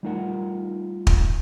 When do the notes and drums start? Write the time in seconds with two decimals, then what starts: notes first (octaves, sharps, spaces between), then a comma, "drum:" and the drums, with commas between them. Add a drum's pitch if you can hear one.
0.03 G3 A3 D#4 F4 A#4 F#5
1.07 drum: kick